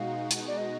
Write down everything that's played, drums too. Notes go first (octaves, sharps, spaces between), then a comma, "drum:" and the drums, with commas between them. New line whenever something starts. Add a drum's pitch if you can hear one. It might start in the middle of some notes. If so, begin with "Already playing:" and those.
Already playing: B2 G#3 D#4 F#4 F5
drum: hi-hat
D5
D#5